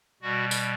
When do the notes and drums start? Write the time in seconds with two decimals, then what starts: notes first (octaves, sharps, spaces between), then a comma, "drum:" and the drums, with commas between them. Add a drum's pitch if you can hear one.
0.22 B2 G3 F#4
0.51 drum: tambourine